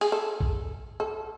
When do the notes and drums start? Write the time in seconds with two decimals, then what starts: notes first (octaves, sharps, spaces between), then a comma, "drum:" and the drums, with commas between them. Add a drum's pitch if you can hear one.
0.01 G#4, drum: open hi-hat
0.12 A4
0.40 drum: kick A1
1.00 A4